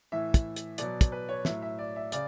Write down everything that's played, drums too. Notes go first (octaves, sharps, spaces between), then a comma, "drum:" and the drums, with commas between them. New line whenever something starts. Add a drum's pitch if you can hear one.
A2 E3 E5
drum: kick, hi-hat
drum: hi-hat
B2 F#3 D5, drum: hi-hat
drum: kick, hi-hat
B4
C#5
A2 F#3 E5, drum: snare
E5
D5
E5
C#3 D5, drum: hi-hat